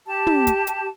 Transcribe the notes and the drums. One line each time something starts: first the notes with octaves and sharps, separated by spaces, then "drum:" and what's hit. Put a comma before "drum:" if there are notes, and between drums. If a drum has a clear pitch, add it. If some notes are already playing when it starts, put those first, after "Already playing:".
G4 A5
drum: tom
drum: kick, hi-hat
drum: hi-hat